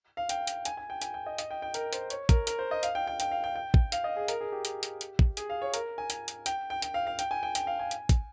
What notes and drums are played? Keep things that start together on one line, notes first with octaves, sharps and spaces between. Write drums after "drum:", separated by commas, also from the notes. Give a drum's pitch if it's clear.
F5
G5, drum: hi-hat
drum: hi-hat
G#5, drum: hi-hat
G#5
G5
G#5, drum: hi-hat
G5
D#5
D#5, drum: hi-hat
G5
G5
A#4, drum: hi-hat
C5, drum: hi-hat
C#5, drum: hi-hat
A#4, drum: kick, hi-hat
A#4, drum: hi-hat
C5
D#5
F5, drum: hi-hat
G5
G5
G5, drum: hi-hat
F5
G5
G5
drum: kick
F5, drum: hi-hat
D#5
G#4
A#4, drum: hi-hat
G#4
G4
drum: hi-hat
drum: hi-hat
drum: hi-hat
drum: kick
G#4, drum: hi-hat
F5
C#5
A#4, drum: hi-hat
G#5
G#5, drum: hi-hat
drum: hi-hat
G5, drum: hi-hat
G5
G5, drum: hi-hat
F5
F5
G5, drum: hi-hat
G#5
G5
G5, drum: hi-hat
F5
G#5
drum: hi-hat
drum: kick, hi-hat